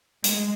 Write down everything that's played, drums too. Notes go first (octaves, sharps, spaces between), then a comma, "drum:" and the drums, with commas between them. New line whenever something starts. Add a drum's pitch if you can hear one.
G#3, drum: hi-hat